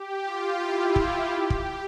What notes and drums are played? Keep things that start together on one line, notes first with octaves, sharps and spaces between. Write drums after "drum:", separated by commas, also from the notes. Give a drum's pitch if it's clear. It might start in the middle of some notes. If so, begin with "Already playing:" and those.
Already playing: G4
F4
E4
E4, drum: kick
G4
drum: kick